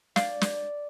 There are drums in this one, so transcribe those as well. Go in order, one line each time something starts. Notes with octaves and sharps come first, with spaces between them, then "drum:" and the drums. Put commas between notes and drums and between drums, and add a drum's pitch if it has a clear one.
D5 F5, drum: snare
drum: snare